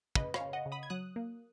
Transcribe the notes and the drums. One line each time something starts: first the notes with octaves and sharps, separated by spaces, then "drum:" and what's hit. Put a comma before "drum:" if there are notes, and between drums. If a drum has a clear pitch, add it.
C#3 B4 D#5, drum: kick
C#5 F5, drum: rim click
C#3
D#5 F#5
C#3
B5 D#6
G#6
F#3 D#6 F#6
A#3